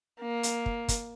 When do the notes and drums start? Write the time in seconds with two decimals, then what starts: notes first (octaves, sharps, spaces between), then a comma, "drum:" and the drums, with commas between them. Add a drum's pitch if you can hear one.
0.21 A#3
0.43 drum: hi-hat
0.66 drum: kick
0.88 drum: kick, hi-hat